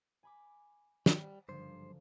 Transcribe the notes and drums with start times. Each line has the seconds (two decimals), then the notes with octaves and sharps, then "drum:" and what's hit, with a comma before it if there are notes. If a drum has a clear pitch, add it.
0.23 G#5 B5 D6
1.06 G3, drum: snare
1.49 F#1 G2 D3 F3 C5